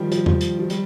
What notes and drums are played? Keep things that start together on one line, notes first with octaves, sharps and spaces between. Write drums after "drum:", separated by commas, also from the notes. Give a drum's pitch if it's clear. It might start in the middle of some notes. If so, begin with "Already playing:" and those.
Already playing: D#3 F3 G3
F3, drum: hi-hat
drum: tom E2
drum: hi-hat
F3
G3, drum: hi-hat